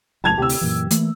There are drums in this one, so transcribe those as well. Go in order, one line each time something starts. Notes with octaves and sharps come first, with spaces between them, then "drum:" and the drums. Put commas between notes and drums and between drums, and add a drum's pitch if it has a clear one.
F#1 F#2 A2 A5 G#6 F7
D2 C3 C4 G4 E6
drum: open hi-hat
F#2 A#2 E3
E3 A3 A#3, drum: hi-hat